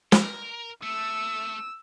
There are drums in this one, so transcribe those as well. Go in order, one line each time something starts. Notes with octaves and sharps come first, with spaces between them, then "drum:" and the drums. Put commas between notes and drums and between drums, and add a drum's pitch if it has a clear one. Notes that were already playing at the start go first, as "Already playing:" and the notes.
A#4, drum: snare
A3 E6